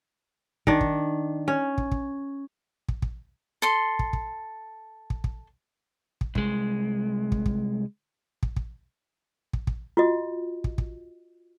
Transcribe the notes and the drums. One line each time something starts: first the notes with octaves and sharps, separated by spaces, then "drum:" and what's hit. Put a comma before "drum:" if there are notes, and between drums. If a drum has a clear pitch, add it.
D#3 D4, drum: kick
drum: kick
C#4
drum: kick
drum: kick
drum: kick
drum: kick
A4 C6
drum: kick
drum: kick
drum: kick
drum: kick
drum: kick
C2 G#3, drum: kick
drum: kick
drum: kick
drum: kick
drum: kick
drum: kick
drum: kick
F4 F#4 D#5
drum: kick
drum: kick